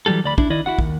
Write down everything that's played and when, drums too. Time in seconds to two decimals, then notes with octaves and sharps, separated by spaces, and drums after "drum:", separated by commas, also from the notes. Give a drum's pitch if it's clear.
0.06 E3 F#3 G3 G4 A4
0.24 D2 D5 B5
0.38 D4 E4, drum: kick
0.50 D#3 E4 D5 D#5
0.66 E4 F#4 F#5
0.79 D#2, drum: kick